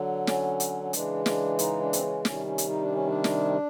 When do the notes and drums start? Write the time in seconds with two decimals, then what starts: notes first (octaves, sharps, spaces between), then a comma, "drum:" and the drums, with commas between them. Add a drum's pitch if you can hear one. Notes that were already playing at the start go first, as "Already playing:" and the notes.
Already playing: D3 F#3
0.27 C#4, drum: snare
0.60 drum: hi-hat
0.84 C#4
0.93 C#3 E3 G#3 D4, drum: hi-hat
1.26 D4, drum: snare
1.59 D#4, drum: hi-hat
1.81 D4
1.93 C4, drum: hi-hat
2.03 C#4
2.25 C3 D#3 G3 C#4, drum: snare
2.46 C#4
2.58 drum: hi-hat
2.69 D#4
2.81 D4
2.94 C#4
3.07 D4
3.24 drum: snare